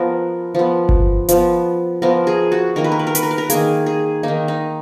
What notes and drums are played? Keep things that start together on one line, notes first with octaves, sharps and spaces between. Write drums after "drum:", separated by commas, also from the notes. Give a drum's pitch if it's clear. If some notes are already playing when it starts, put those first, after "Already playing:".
Already playing: F3 B3 A#4
F3 B3
drum: kick G1
F3 B3, drum: hi-hat
F3 B3 A#4
G#4
F#4
D#3 A#3 A#4
B4
A#4
B4
A#4
B4, drum: hi-hat
A#4
B4
A#4
D#3 A#3 G#4, drum: hi-hat
G#4
D#3 A#3 D#4
D#4